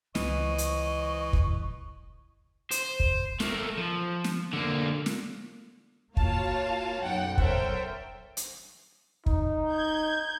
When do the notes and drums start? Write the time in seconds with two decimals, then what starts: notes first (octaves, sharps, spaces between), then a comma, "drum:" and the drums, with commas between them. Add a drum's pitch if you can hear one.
0.15 C#2 E3 D#5 C#6, drum: snare
0.58 drum: hi-hat
1.33 drum: kick
2.71 C5, drum: hi-hat
3.00 drum: kick
3.40 A3 A#3, drum: snare
3.77 F3
4.24 drum: snare
4.53 D3 A#3
5.06 drum: snare
6.17 A#3 F4 F#4 C#5 F5 A5, drum: kick
7.02 B1 F#2 F#5 G5
7.38 A4 A#4 C5 C#5 E5 G5, drum: kick
8.37 drum: hi-hat
9.26 D#4, drum: kick
9.71 G6 G#6